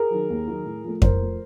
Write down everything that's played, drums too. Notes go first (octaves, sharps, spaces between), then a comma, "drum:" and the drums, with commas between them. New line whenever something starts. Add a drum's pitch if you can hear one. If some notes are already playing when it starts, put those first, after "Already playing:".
Already playing: G#4 A#4
D#3 F#3
D#2
D#3 F#3
A2
F3 A3
A2 A#4 C5, drum: kick F2
F3 A3